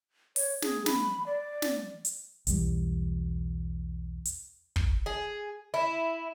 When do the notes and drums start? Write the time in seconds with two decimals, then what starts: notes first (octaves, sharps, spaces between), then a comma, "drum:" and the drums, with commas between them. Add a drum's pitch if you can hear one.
0.36 C#5, drum: open hi-hat
0.62 G#4, drum: snare
0.86 B5, drum: snare
1.26 D5
1.62 drum: snare
2.05 drum: hi-hat
2.47 B1 E2 G3, drum: hi-hat
4.25 drum: hi-hat
4.76 drum: kick
5.06 G#4
5.74 E4